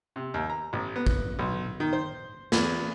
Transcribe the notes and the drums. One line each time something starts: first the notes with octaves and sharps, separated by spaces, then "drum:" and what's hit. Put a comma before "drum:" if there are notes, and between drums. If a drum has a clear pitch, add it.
C3
D#2
A#5
A1
B3
drum: kick
B1
D#3
C5
E2, drum: snare